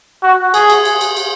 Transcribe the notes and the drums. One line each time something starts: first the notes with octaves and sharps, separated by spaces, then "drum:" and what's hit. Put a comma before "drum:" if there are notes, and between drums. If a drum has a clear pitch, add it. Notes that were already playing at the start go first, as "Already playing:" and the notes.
F#4
G#4, drum: cymbal
drum: cymbal
drum: cymbal
drum: cymbal
drum: cymbal